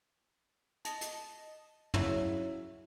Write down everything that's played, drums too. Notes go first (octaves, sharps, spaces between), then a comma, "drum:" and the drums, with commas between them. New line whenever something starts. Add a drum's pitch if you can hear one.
D#5 A5, drum: hi-hat
drum: hi-hat
C#3 F#3 C#4 E4, drum: tom